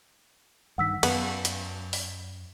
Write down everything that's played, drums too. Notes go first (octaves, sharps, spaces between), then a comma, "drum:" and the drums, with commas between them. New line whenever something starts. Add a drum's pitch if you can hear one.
G2 D#3 F#5 E6 B6
F#2 B3, drum: cymbal
drum: hi-hat
drum: open hi-hat